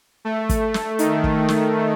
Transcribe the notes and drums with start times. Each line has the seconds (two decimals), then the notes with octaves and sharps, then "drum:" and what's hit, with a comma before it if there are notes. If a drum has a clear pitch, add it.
0.25 A3
0.49 drum: kick, hi-hat
0.74 drum: snare
0.99 D#3, drum: hi-hat
1.24 drum: kick
1.48 drum: snare